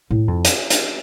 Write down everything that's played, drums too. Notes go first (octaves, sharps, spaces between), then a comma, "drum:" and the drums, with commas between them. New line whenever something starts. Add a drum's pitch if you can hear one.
A2
F2
drum: hi-hat
drum: hi-hat